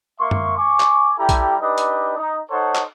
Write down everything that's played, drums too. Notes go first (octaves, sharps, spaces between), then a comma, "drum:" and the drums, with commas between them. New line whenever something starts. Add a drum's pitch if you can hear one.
A#3 E5 C6 C#6
drum: tom F#2
G#5 C#6 D6
drum: clap
G3 E4 G4 A4 G5 A#5
drum: kick A#1, hi-hat
D4 D#4 G4 B4 D#5
drum: hi-hat
D#4
D#4 A4 C5 C#5 F#5 A5
drum: clap